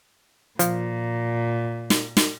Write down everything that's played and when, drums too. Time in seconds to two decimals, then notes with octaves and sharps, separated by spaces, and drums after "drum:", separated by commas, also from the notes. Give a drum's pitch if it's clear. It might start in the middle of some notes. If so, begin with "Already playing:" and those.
0.59 A#2 F3, drum: hi-hat
1.90 drum: snare
2.17 drum: snare